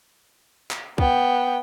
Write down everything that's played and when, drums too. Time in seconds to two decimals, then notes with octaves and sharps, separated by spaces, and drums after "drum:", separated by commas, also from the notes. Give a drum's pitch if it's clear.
0.71 drum: clap
0.98 B3 G5, drum: kick